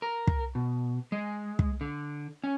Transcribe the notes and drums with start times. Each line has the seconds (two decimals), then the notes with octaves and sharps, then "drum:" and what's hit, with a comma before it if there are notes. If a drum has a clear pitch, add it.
0.02 A#4
0.27 drum: kick
0.55 B2
1.12 G#3
1.59 drum: kick
1.81 D3
2.44 C#4